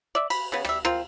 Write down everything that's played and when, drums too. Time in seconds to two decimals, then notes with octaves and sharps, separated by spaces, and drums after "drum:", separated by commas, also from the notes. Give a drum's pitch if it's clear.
0.15 D5 E5
0.30 B5, drum: cymbal
0.52 C#3 B3
0.65 G3 E5, drum: rim click
0.85 C4 F4 A#4, drum: rim click